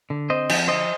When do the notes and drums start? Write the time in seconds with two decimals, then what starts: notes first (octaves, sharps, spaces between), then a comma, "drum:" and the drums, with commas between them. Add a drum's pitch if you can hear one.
0.10 D3
0.30 C4 C5 D#5
0.49 F3, drum: cymbal
0.67 D3 C5 D#5